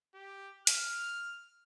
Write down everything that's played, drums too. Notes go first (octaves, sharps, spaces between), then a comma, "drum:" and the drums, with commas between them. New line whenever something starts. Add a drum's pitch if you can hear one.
G4
F6, drum: hi-hat